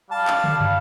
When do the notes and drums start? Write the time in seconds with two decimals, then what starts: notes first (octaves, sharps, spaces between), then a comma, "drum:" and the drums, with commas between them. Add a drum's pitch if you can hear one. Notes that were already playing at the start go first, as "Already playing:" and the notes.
0.11 G3 F5 A5
0.27 drum: clap
0.44 drum: tom
0.60 drum: tom